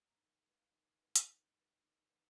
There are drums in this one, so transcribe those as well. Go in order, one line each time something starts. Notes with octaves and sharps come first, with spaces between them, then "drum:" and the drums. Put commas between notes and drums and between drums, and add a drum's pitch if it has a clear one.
A#5
D#3 B5
G#3 B3
F5
D#3 D#5
G#3 B3
drum: hi-hat
D#3
G#3 B3
D#3
G#3 B3